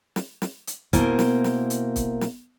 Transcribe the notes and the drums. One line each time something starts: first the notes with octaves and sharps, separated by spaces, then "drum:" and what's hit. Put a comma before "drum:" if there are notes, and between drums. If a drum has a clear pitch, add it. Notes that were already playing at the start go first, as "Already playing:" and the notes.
drum: snare
drum: snare
drum: hi-hat
B2 A#3 E4 A#4 C5 G#5, drum: kick, hi-hat
drum: snare
drum: snare
drum: hi-hat
drum: kick, hi-hat
drum: snare